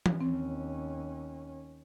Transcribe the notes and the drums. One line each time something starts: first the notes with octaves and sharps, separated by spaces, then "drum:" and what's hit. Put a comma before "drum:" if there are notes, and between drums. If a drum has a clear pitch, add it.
drum: tom E3
D#2 C4 C#4